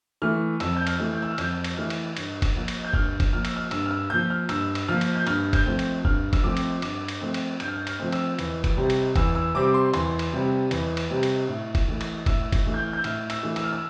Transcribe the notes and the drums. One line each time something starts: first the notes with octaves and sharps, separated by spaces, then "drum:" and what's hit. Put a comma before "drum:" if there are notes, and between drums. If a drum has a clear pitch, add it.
E3 A3 F6
F2 E6, drum: cymbal
G6
F6, drum: cymbal
E3 A3
G6
E6
F6
F2 G6, drum: cymbal
drum: cymbal
E3 A3 F6
drum: cymbal
G2, drum: cymbal
drum: kick, cymbal
F3 A#3
drum: cymbal
G6
G2 F6, drum: kick
drum: kick, cymbal
F3 A#3 F6
E6, drum: cymbal
F6
G2 E6, drum: cymbal
F6
E6
F3 A#3 G6
F6
G2 E6, drum: cymbal
drum: cymbal
F3 A#3 F6
drum: cymbal
G6
G2 F6, drum: cymbal
G6, drum: kick, cymbal
F3 A3 C4
drum: cymbal
G2 F6, drum: kick
E6, drum: kick, cymbal
F3 A3 C4 D6
drum: cymbal
G2 D6, drum: cymbal
drum: cymbal
F3 A3 C4
drum: cymbal
G2 G6, drum: cymbal
F6
G6
F6, drum: cymbal
F3 A3 C4
E6, drum: cymbal
E2, drum: cymbal
drum: kick, cymbal
C3 G3 C4
drum: cymbal
E2 E6, drum: kick, cymbal
E6
C3 G3 C4 D6
C6
E2 C6, drum: cymbal
drum: cymbal
C3 G3 C4
E2, drum: cymbal
drum: cymbal
C3 G3 C4
drum: cymbal
A2
drum: kick, cymbal
E3 A3
drum: cymbal
A2 E6, drum: kick, cymbal
drum: kick, cymbal
E3 A3
G6
F6
E6 G6
A2 F6, drum: cymbal
E6, drum: cymbal
E3 A3
E6, drum: cymbal
F6
E6